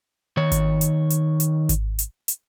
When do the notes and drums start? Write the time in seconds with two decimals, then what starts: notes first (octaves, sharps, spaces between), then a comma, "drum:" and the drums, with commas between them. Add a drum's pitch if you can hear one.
0.37 D#3 C#5
0.52 drum: kick G#1, hi-hat
0.81 drum: hi-hat
1.10 drum: hi-hat
1.40 drum: hi-hat
1.69 drum: kick G#1, hi-hat
1.99 drum: hi-hat
2.28 drum: hi-hat